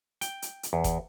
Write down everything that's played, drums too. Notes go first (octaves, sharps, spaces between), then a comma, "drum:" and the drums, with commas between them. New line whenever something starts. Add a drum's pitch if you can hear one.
G5, drum: hi-hat
drum: hi-hat
drum: hi-hat
E2
drum: kick F#1, hi-hat